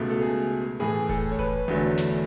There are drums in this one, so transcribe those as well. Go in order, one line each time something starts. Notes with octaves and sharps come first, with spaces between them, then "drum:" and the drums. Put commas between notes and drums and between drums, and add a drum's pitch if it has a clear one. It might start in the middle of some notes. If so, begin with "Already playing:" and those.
Already playing: C#2 B2 A3
A4
G#4
A2 E3 A3 G#4, drum: hi-hat
A4, drum: kick E1, open hi-hat
C#5
B4, drum: kick E1, hi-hat
E2 D3 F#3 A3, drum: hi-hat
drum: snare